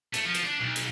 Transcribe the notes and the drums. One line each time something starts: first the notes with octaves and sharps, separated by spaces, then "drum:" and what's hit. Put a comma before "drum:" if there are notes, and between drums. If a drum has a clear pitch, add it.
A3, drum: hi-hat
F3
drum: hi-hat
D4
B1
drum: hi-hat